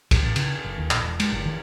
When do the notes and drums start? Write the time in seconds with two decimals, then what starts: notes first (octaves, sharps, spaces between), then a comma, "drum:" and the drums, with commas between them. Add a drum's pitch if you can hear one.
0.11 D1, drum: kick, cymbal
0.23 A1
0.36 C#3, drum: cymbal
0.64 F#1
0.78 D#2
0.91 A#1, drum: clap
1.03 E1
1.20 G#3, drum: cymbal
1.32 F#1
1.46 D#3